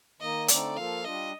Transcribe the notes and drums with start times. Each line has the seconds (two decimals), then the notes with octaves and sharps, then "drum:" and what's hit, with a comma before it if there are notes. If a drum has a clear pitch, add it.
0.20 D#3 A#3 D#4 D#5
0.48 D3 A3 C4 D#4 A4 D5, drum: hi-hat
0.76 F3 A#3 F4 A4 F5
1.04 G3 D4 F4 D#5